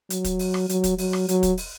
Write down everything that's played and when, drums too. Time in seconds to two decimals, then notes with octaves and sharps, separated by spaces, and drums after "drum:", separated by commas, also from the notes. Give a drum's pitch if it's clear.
0.10 F#3, drum: hi-hat
0.24 drum: kick, hi-hat
0.39 drum: open hi-hat
0.54 drum: rim click
0.69 F#3, drum: hi-hat
0.84 drum: kick, hi-hat
0.98 F#3, drum: open hi-hat
1.13 drum: rim click
1.29 F#3, drum: hi-hat
1.43 drum: kick, hi-hat
1.57 drum: open hi-hat